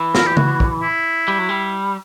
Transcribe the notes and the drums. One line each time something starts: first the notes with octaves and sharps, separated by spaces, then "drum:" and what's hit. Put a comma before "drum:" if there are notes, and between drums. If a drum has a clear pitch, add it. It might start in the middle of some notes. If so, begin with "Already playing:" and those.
Already playing: E3
A#4, drum: snare
G4
F#4, drum: tom C#3
drum: kick
E4
G3
F#3
G3